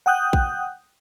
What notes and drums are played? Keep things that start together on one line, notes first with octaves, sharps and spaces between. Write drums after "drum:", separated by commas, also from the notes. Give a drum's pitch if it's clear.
F#5 G5 D#6 F#6 G6
drum: kick A#1